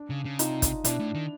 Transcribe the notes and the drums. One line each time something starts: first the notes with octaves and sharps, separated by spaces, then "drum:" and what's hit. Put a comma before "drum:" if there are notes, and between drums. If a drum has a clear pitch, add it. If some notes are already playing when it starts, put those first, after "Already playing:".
Already playing: D4
C#3
C#3
C3 D#4 F4, drum: hi-hat
drum: kick, hi-hat
B2 D4 E4, drum: hi-hat
A2
D#3